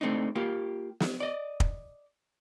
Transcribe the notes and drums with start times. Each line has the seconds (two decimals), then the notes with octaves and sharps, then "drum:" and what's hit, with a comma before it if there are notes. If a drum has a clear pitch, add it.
0.01 A3 C4 D4 D#4
0.35 A#3 F4 G4
1.00 drum: snare
1.20 D5 D#5
1.60 drum: kick